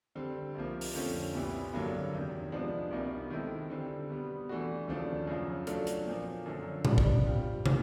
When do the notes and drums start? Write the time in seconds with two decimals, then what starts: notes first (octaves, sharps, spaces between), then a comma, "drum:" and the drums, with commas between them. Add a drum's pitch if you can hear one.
0.15 D3 G3 C4
0.55 C2 C3 F3 A#3
0.81 drum: open hi-hat
0.94 F2 D3 F3 A3 C#4
1.34 C2 A#2 G3 B3 E4
1.74 G2 D3 F#3 A#3
2.13 E2 C3 D#3
2.52 C3 F3 G#3 B3 D4
2.91 C2 B2 G3 A#3 D#4
3.30 D#3 G#3 C4 E4 A4
3.70 D3 G3 C4
4.09 B2 G3 B3
4.49 E3 A3 D4 F#4
4.88 D#2 C#3 F3 A3 D4
5.27 F#2 C#3 F3
5.67 F#3 A3 D4 F4 A4, drum: hi-hat
5.87 drum: hi-hat
6.06 A#2 F3 A#3
6.46 F#2 D3 F3
6.85 G3 B3 D4, drum: tom A#2
6.98 drum: kick
7.24 G3 C4 F4
7.66 A#2, drum: tom